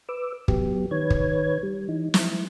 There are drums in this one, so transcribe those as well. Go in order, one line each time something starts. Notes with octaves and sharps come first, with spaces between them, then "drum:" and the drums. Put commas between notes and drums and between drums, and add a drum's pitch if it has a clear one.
B4 D6 E6
F#3 B3 G4, drum: kick
D#3 B4 C#5 G#6
drum: kick
G3
E3 D#4
E4, drum: snare